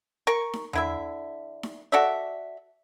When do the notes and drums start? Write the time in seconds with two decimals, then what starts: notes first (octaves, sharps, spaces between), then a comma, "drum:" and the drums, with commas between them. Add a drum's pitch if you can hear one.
0.27 A#4 C#6
0.53 drum: snare D#4
0.73 D3 E4 E5, drum: tom E2
1.63 drum: snare D#4
1.92 F#4 A4 D5 E5